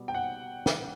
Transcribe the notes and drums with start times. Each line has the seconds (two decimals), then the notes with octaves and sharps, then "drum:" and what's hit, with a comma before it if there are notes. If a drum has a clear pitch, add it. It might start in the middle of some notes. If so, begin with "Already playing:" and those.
Already playing: B2 G3
0.08 G5
0.14 F#5
0.66 drum: snare